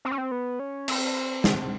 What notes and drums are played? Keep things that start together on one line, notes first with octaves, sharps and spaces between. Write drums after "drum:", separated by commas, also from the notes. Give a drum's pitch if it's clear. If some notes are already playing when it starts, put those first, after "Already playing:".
C4
C#4
C4
B3
C#4
C4, drum: cymbal
drum: snare